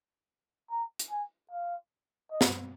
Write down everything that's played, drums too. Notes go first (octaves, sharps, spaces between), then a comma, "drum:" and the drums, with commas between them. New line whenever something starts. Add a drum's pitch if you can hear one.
A#5
drum: hi-hat
G#5
F5
D#5
drum: snare